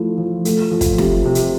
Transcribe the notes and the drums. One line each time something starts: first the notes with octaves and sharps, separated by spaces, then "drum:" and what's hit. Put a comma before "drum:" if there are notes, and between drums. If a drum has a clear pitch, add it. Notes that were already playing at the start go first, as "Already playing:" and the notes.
Already playing: F3 A3 E4
F3
A3, drum: hi-hat
F3
drum: kick, hi-hat
C3, drum: snare
C3
drum: hi-hat